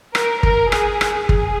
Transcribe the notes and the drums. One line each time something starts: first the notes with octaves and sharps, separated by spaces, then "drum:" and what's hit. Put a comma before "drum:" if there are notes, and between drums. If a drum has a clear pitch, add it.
A#4, drum: rim click
A#4, drum: kick
G#4, drum: rim click
drum: rim click
G#4, drum: kick